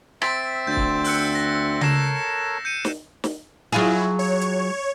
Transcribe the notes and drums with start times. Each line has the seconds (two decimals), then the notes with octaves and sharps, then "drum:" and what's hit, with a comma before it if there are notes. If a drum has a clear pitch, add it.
0.22 C4 C5 E5 A6 B6 D7, drum: rim click
0.67 D2 G6 A6
0.76 drum: kick
1.04 E6 F#6 C#7, drum: open hi-hat
1.35 A#6
1.81 A4 A#4 C#5 A#6 C7 E7, drum: tom C#3
2.65 G6 C#7 D#7
2.85 drum: snare
3.24 drum: snare
3.72 F#3 E4 F4 G#4
4.19 C#5
4.41 drum: hi-hat